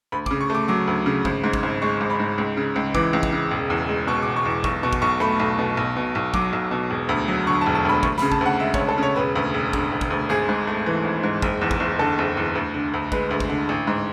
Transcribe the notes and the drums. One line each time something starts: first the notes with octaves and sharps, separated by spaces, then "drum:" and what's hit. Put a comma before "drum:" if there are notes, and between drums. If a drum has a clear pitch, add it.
D2 B5
D6, drum: kick
C#3
C#6
A3 D6
F#3 D6
D2
C#3
G#1, drum: kick
G#2
drum: kick
G#1
G#3 C#6
G#1
B5
G#2
C#2
C#3
C#2
E3 D6, drum: kick
C#2
drum: kick
C#3
E1
E2
G#3
B2 C#6
D6
E1
C#6
E2 D6
B1 C#6, drum: kick
B2 C#6
drum: kick
B1 C#6
A3 B5
B1
B2
B1
B2
B1
F#3 D6, drum: kick
B1
B2
E1
D2
F#3
D3 C#6
A5
E1
A5
D2 B5
D2 C#6, drum: kick
B5, drum: snare
C#3
A5, drum: kick
D2 F#5
G#3 E5
C#5, drum: kick
D2
A4
C#3 C#5
E1 B4
D2
E1
D3, drum: kick
E1
drum: kick
D2
G#1 G#4
G#2
A3
E3
G#1
G#2
F#1, drum: kick
E2
drum: kick
F#1
D3 A4
F#1
E2
D2
D3
D2
G#3 B4, drum: kick
D2
drum: kick
D3
A1
G#2